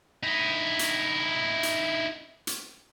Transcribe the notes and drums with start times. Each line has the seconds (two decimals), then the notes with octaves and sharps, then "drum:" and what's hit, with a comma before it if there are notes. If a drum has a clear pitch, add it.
0.23 D#4 E4
0.79 drum: hi-hat
1.63 drum: hi-hat
2.47 drum: hi-hat